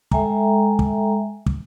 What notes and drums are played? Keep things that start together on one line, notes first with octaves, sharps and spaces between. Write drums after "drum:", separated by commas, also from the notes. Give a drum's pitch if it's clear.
G#3 A4 E5 G5 G#5 A#5, drum: kick
drum: kick
drum: kick